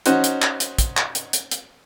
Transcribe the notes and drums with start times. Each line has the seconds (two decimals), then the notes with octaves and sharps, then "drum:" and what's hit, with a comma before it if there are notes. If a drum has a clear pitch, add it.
0.06 C#4 D#4 F#4 C5 F#5, drum: hi-hat
0.24 drum: hi-hat
0.42 drum: clap
0.60 drum: hi-hat
0.79 drum: kick, hi-hat
0.97 drum: clap
1.15 drum: hi-hat
1.33 drum: hi-hat
1.51 drum: hi-hat